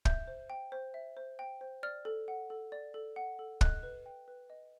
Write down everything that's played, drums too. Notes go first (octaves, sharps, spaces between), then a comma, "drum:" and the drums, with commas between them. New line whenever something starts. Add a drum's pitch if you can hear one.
E5 G6, drum: kick
C5
G5
C5
E5
C5
G5
C5
D5 F6
A4
F#5
A4
D5
A4
F#5
A4
D#5 F#6, drum: kick
B4
G5
B4
D#5